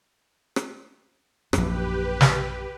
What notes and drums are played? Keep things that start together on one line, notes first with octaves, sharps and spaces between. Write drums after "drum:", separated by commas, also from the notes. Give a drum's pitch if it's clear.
drum: rim click
A#1 F#2 G4 B4, drum: rim click
drum: snare